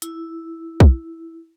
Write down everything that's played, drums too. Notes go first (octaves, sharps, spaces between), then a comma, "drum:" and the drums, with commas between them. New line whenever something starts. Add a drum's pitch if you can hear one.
E4, drum: hi-hat
drum: kick